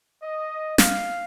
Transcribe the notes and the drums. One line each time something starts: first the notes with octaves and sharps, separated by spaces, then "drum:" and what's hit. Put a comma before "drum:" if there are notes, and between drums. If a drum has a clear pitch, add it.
D#5
F5, drum: snare